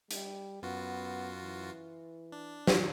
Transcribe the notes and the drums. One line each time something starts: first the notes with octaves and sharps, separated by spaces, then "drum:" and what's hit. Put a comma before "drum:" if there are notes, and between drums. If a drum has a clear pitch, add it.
G3, drum: hi-hat
F#2 B3 F4 F#4
E3
D4
drum: snare